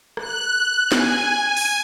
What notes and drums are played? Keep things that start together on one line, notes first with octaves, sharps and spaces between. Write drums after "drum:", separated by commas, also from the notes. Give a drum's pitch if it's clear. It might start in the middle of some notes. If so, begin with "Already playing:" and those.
F#6, drum: rim click
G#5, drum: snare
drum: open hi-hat